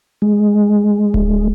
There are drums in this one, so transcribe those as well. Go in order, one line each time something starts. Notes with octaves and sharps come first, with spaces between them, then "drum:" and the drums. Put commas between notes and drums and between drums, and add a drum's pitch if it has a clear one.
G#3
drum: kick D1